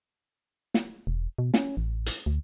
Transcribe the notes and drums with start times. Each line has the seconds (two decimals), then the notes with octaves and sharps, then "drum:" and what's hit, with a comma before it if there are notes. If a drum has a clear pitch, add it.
0.74 drum: snare
1.07 E1
1.38 B2
1.54 C#4, drum: snare
1.77 A1
2.06 drum: hi-hat
2.26 D2